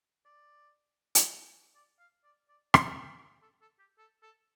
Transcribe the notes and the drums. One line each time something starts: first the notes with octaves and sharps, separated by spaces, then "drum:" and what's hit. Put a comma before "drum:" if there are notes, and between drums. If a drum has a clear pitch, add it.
D5
drum: hi-hat
D5
F5
D5
D5
D5, drum: rim click
C5
A4
A4
G4
A4
A4